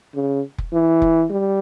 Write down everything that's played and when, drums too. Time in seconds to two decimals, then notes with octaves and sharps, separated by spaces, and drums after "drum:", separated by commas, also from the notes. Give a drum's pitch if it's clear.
0.15 C#3
0.58 drum: kick F1
0.73 E3
1.02 drum: kick F1
1.31 G3